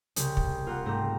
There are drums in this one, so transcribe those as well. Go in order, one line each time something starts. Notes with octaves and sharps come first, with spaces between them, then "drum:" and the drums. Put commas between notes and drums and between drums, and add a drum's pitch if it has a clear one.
C2 C#3, drum: hi-hat
drum: kick
A#3 F4 A#4 F#5
G#2 G3 A3 C4 A#5